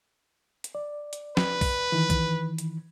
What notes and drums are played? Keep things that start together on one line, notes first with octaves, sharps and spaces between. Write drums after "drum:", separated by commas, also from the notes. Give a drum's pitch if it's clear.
drum: hi-hat
D5
drum: hi-hat
B4, drum: snare
drum: kick, open hi-hat
D#3 E3
drum: kick, hi-hat
drum: hi-hat